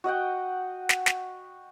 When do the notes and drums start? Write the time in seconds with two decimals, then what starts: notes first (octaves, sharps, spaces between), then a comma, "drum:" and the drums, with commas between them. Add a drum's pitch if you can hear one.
0.04 F#4 D#5 F#5 G5
0.89 drum: snare
1.06 drum: snare